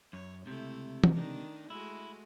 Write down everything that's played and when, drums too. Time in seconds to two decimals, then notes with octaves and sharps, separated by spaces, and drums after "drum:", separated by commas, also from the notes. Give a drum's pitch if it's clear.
0.13 F#2 C#5
0.46 C#2 C3 A3 E4
1.04 drum: tom E3
1.13 D#3 D4 D#4
1.70 G#3 A3 E4 F#4